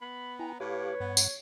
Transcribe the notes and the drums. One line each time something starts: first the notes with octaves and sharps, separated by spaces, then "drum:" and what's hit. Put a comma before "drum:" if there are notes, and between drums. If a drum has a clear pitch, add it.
B3 B5
E4 G5 G#5 A#5
A2 G4 B4 C#5 F5 D6
G2 B3 F#5
drum: tambourine